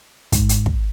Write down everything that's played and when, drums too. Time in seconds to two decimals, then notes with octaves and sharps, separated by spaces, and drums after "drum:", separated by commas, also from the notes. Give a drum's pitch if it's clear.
0.32 G#2, drum: kick, hi-hat
0.49 drum: hi-hat
0.66 drum: kick